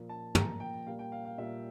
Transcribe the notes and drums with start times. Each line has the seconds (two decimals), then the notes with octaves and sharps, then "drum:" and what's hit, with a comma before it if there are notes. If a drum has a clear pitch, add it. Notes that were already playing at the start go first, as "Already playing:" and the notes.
Already playing: A#2 F3 A#3
0.09 A5
0.35 A#2 F3 A#3 A#5, drum: tom
0.60 G5
0.86 A#2 G3 A#3 F5
0.99 G5
1.12 F5
1.25 F5
1.38 A#2 G3 A#3 E5